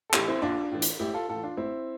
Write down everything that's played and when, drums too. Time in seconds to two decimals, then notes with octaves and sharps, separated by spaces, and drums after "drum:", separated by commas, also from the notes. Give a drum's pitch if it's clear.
0.10 A4
0.13 A2 E3 E4 G4, drum: clap
0.28 C4 E4
0.42 A#1 D4 F4
0.71 A2 E3
0.82 drum: hi-hat
1.00 A1 E4 G4
1.14 F4 A4
1.29 A2 E3 F4 A4
1.43 D4 F4
1.57 A1 C4 E4